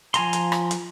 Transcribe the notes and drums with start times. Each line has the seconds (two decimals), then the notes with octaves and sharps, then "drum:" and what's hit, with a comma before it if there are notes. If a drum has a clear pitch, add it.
0.14 F3 G#5 A#5 C6, drum: hi-hat
0.33 drum: hi-hat
0.52 drum: rim click
0.71 drum: hi-hat